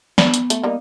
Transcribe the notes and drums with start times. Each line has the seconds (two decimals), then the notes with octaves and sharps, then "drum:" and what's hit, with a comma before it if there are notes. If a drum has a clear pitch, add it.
0.18 B3 D4, drum: snare
0.34 drum: hi-hat
0.50 A3, drum: hi-hat
0.64 G3 A#3 D#4